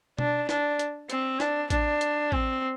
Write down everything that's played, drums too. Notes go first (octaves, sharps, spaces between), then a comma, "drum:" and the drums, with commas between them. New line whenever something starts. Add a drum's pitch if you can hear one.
D4, drum: tom B2
D4, drum: snare
drum: hi-hat
C4, drum: hi-hat
D4, drum: snare
D4, drum: kick A1, hi-hat
drum: hi-hat
C4, drum: kick A1